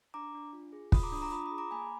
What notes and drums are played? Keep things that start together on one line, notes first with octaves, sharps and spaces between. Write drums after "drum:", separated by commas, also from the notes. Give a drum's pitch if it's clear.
D4 A#5 D6
D4
F4
G#4
F4 B5 D#6, drum: kick
A#5 D6
D4 B5 D#6
A#5 D6
F4 B5 D#6
B5 D#6
G#4
A#5 D6
A#3 G#5 B5